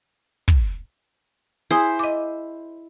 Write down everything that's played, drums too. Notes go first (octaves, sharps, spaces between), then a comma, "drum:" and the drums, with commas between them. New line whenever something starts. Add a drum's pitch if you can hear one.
drum: kick
E4 G#4 C5 G#5 D#6
D#5 D6